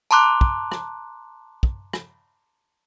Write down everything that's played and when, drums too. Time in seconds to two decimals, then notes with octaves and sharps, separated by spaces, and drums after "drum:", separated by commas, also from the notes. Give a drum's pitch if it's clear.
0.11 A5 A#5 C6 D6 F#6
0.41 drum: kick
0.72 drum: rim click
1.63 drum: kick
1.93 drum: rim click